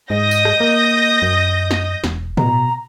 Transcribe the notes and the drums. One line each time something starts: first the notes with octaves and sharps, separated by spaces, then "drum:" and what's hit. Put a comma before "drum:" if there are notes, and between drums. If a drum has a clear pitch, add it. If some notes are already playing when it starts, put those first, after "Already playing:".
G#2 D#5 D#6 G6 A#6
drum: tambourine
drum: rim click
A#3
F#2
drum: snare
E1, drum: snare
B2 A#5, drum: tom A2